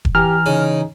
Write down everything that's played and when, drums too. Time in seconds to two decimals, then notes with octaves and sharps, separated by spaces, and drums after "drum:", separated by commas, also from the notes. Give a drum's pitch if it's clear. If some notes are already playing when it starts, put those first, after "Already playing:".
0.05 drum: kick E1
0.15 E3 G4 G#5 A#5 F6
0.46 C#3 D#4